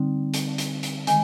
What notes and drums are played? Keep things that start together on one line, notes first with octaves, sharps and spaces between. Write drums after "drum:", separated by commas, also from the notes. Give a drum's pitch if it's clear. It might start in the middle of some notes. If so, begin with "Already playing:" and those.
Already playing: D3 G3 C4 D#4
drum: hi-hat
drum: hi-hat
drum: hi-hat
D#3 G#3 G#5, drum: hi-hat